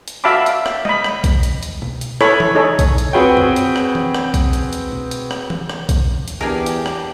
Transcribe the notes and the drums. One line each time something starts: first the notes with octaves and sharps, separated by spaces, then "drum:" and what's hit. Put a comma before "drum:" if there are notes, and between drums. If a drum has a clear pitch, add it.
drum: hi-hat
F#4 E5 F5 A5 B5 D6
drum: hi-hat
drum: rim click
D#5 B5, drum: tom G3
drum: rim click
drum: kick B1, hi-hat
drum: hi-hat
drum: hi-hat
drum: tom B2
drum: hi-hat
E4 A4 C#5 G#5 B5, drum: rim click
drum: tom E3
D#4 G#4 A4 C#5 D#5
drum: kick B1, hi-hat
drum: hi-hat
C4 F#4 G#4 B4 C#5 G5
drum: tom F#2
drum: hi-hat
drum: rim click
drum: tom E3
drum: rim click
drum: kick B1, hi-hat
drum: hi-hat
drum: hi-hat
drum: tom B2
drum: hi-hat
drum: rim click
drum: tom E3
drum: rim click
drum: kick B1, hi-hat
drum: hi-hat
E2 D4 G4 G#4 A#4 G#5
drum: hi-hat
drum: rim click